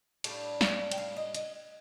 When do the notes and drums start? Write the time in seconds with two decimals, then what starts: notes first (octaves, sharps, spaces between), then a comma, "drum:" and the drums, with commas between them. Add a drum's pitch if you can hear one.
0.24 A2 G3 D4 F5, drum: cymbal
0.61 F5, drum: snare
0.91 G5, drum: cymbal
0.98 F5
1.17 D#5
1.35 D#5, drum: hi-hat